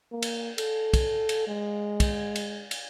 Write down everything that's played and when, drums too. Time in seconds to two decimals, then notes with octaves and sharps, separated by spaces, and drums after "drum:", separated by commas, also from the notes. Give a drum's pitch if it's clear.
0.12 A#3
0.22 drum: cymbal
0.58 A4, drum: cymbal
0.94 drum: kick, cymbal
1.29 drum: cymbal
1.47 G#3
2.00 drum: kick, cymbal
2.36 drum: cymbal
2.71 drum: cymbal